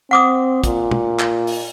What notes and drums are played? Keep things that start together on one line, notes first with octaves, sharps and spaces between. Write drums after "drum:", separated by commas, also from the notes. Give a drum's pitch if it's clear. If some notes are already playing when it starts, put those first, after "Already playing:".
C4 F#5 D6 D#6
A#2, drum: kick, hi-hat
drum: tom
drum: clap
drum: open hi-hat